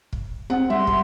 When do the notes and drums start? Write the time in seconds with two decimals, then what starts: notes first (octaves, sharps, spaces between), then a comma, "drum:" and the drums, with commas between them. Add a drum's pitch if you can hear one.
0.13 drum: kick
0.50 C4 F#5
0.70 G3 E5 C6
0.87 drum: kick